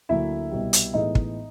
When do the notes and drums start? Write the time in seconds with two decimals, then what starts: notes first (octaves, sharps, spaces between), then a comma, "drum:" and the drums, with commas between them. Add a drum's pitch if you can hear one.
0.09 D2 D3 F#3 A#3 E4 E5
0.51 C2 B2 G3
0.73 drum: hi-hat
0.94 A2 E3 G#3 B3 D#4 D#5
1.15 drum: kick